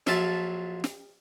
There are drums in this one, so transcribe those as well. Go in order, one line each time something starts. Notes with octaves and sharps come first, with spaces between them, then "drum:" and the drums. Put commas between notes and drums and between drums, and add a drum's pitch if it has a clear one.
A#1 F#3 F4 E5 A5, drum: snare
drum: snare